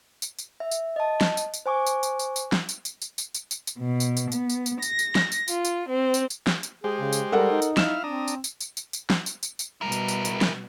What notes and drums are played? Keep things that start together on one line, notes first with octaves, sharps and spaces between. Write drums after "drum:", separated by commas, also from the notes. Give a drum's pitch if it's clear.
drum: tambourine
drum: tambourine
E5
drum: tambourine
D#5 A5
drum: snare
drum: tambourine
drum: tambourine
C5 G#5 C#6 D6
drum: tambourine
drum: tambourine
drum: tambourine
drum: tambourine
drum: snare
drum: tambourine
drum: tambourine
drum: tambourine
drum: tambourine
drum: tambourine
drum: tambourine
drum: tambourine
B2
drum: tambourine
drum: tambourine
B3, drum: tambourine
drum: tambourine
drum: tambourine
A#6, drum: tambourine
drum: tambourine
drum: snare
drum: tambourine
F4, drum: tambourine
drum: tambourine
C4
drum: tambourine
drum: tambourine
drum: snare
drum: tambourine
G#3 G4 G#4 C5
C#3
drum: tambourine
G3 A4 A#4 F#5
D#4
drum: tambourine
E4 F5 F6 E7, drum: snare
C4 D4 A#5 D#6
drum: tambourine
drum: tambourine
drum: tambourine
drum: tambourine
drum: tambourine
drum: snare
drum: tambourine
drum: tambourine
drum: tambourine
B2 G3 E4 A#4
drum: tambourine
drum: tambourine
drum: tambourine
drum: snare